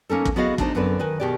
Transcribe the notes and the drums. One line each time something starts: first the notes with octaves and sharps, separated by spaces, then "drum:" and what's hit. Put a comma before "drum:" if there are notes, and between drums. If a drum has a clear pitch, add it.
A#3 C#4 D#4 A4
drum: kick
B3 E4 F#4 G#4 D#5 F5
G#3 D4 D#4 C5, drum: kick
F#2 D3 B3 C4 B4 D5
D#3 B4 G#5
B2 D#3 G4 G#4 D5